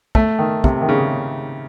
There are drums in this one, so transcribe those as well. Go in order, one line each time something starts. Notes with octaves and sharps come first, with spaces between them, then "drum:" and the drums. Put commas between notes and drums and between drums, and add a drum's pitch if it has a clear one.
A3, drum: kick
D#3
C3, drum: kick
D#3
C#3